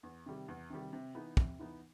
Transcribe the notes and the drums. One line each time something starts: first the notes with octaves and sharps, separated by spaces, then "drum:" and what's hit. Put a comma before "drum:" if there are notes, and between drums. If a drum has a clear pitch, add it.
E2
C3 D#3 G3
E2
C3 D#3 G3
C3
E3 B3 D#4
C3, drum: kick
E3 B3 D#4